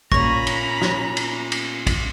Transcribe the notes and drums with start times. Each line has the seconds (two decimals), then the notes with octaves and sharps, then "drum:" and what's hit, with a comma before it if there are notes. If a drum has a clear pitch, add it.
0.12 A#2 C#4 A#5 B5 C#6 A#6, drum: kick
0.47 drum: cymbal
0.82 drum: snare
1.17 drum: cymbal
1.52 drum: cymbal
1.87 drum: kick, cymbal